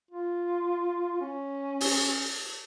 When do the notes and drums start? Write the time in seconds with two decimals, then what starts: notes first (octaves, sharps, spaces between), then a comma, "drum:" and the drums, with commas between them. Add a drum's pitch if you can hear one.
0.11 F4
1.21 C#4
1.81 drum: open hi-hat